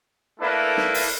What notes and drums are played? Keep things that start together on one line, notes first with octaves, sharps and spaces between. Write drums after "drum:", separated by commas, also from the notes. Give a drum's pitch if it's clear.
A3 A#3 D4 E4 A4 B4
drum: snare
drum: open hi-hat